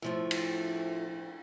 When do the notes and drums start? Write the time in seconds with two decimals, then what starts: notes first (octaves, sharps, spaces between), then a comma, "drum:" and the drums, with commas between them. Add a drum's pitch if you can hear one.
0.02 A2 F3 A3
0.31 drum: cymbal